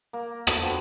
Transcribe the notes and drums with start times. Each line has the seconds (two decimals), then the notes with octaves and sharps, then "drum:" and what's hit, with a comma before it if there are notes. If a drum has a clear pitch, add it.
0.13 A#3
0.47 B3 F#4 A4 B4, drum: rim click
0.62 F3 F#4 G4